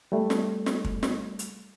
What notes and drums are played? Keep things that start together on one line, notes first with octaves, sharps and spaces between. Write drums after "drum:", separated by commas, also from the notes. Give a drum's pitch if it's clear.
G3 A3
drum: snare
drum: snare
drum: kick
drum: snare
drum: hi-hat